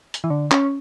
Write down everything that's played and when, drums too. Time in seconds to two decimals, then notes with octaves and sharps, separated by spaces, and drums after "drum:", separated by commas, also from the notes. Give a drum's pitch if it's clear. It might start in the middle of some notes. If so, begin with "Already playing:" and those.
0.14 drum: hi-hat
0.24 E3
0.30 D3
0.51 C#4, drum: clap